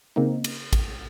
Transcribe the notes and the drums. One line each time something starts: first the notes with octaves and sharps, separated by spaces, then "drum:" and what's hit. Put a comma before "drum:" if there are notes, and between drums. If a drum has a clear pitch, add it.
C#3 A#3 C4 D#4
drum: cymbal
drum: kick A1, cymbal